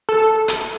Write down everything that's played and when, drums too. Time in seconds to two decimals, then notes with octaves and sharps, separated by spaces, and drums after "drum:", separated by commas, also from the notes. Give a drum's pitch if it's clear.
0.09 A4
0.48 drum: hi-hat